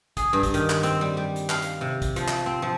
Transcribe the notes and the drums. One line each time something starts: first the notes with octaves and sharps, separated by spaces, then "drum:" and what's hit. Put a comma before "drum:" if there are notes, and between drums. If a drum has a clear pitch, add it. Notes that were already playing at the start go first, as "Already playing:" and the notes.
G#4, drum: kick, hi-hat
G2
drum: kick, hi-hat
D#3, drum: hi-hat
drum: clap
C4, drum: hi-hat
G3
G3
drum: hi-hat
F5, drum: clap
drum: hi-hat
C3
drum: kick, hi-hat
F3, drum: hi-hat
drum: clap
C4
F3